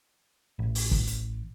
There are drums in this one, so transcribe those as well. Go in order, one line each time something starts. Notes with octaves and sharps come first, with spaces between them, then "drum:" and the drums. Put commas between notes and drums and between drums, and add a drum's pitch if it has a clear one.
A1
drum: open hi-hat
drum: kick
drum: hi-hat